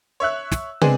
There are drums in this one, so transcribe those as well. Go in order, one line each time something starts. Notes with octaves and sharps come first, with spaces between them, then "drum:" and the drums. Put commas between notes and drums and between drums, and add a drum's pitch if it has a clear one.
C#5 E5 E6 F#6
drum: snare
G#3 B3 C4 D4 G#4 C5, drum: tom